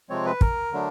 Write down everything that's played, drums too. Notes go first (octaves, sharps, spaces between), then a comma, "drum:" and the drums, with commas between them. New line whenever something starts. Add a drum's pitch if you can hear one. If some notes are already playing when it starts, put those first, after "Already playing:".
C3 F3 G#3 C4 C#5
B4
A#4, drum: kick
D3 F#3 A3 D4